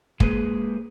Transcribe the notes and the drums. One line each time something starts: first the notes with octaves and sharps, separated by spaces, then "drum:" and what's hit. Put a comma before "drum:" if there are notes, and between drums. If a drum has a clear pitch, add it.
G#3 A#3 G#4 B4 C5, drum: kick